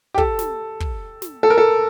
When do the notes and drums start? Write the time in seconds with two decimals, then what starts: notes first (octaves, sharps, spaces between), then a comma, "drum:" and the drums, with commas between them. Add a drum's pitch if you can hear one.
0.14 G4
0.18 A4, drum: kick
0.39 drum: snare
0.80 drum: kick
1.22 drum: snare
1.43 A4
1.50 A#4
1.58 A4